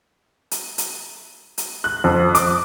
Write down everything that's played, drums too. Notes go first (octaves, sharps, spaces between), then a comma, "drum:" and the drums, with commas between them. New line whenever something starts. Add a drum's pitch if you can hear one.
drum: hi-hat
drum: hi-hat
drum: hi-hat
F#6
F2
D6, drum: hi-hat